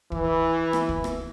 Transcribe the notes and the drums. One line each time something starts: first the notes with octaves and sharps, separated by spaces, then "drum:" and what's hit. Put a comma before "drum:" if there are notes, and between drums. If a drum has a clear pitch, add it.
E3, drum: kick
drum: rim click
drum: kick
drum: rim click